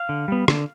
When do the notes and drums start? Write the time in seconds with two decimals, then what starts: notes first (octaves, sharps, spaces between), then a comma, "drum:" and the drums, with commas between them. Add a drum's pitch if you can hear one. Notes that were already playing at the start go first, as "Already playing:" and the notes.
Already playing: F5
0.09 D3
0.28 G3 B3
0.48 D3, drum: rim click